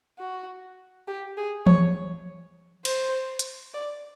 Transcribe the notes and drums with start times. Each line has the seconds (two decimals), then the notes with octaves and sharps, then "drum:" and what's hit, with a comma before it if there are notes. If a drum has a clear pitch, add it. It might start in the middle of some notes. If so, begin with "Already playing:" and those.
0.19 F#4
1.08 G4
1.37 G#4
1.67 C#5, drum: tom E3
2.85 C5, drum: cymbal
3.39 drum: hi-hat
3.74 D5